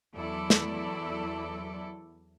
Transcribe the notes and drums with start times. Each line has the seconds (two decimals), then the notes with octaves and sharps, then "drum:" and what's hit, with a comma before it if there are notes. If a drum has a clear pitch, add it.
0.13 E2 F#3 E4 A4 D5
0.50 drum: snare